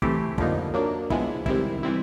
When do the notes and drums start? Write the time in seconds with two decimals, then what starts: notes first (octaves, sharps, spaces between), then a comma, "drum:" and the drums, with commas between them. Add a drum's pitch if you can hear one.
0.02 E3 A3 C4 E4 G4, drum: kick
0.38 F2 D3 F3 A#3 D#4, drum: kick
0.74 F#3 A#3 D4
1.10 F3 G#3 B3 E4, drum: kick
1.46 C3 D#3 G3 C4 E4, drum: kick
1.83 E3 G3 C4 E4